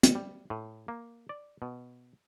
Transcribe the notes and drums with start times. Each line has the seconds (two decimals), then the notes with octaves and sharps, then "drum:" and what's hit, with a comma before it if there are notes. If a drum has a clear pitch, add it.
0.03 drum: hi-hat
0.15 G3
0.50 A2
0.88 A#3
1.29 D5
1.62 B2